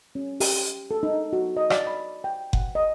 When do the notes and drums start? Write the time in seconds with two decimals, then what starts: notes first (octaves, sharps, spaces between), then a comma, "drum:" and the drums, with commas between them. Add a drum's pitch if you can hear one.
0.15 C#4
0.40 G4, drum: open hi-hat
0.91 A4
1.03 D#4
1.33 F#4
1.57 D#5
1.70 D5, drum: rim click
1.87 B5
2.24 G5
2.53 F#5, drum: kick F#1
2.75 D#5